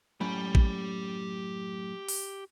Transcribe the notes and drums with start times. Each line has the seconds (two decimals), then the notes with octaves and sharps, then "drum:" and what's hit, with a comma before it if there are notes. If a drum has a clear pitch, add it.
0.21 F#2 A2 G4 B5
0.55 drum: kick A1
2.09 drum: open hi-hat